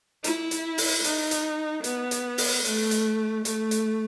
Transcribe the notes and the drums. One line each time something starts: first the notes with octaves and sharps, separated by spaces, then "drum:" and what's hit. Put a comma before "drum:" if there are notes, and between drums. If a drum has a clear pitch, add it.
E4, drum: hi-hat
drum: hi-hat
drum: open hi-hat
D#4, drum: hi-hat
drum: hi-hat
B3, drum: hi-hat
drum: hi-hat
drum: open hi-hat
A3, drum: hi-hat
drum: hi-hat
A3, drum: hi-hat
drum: hi-hat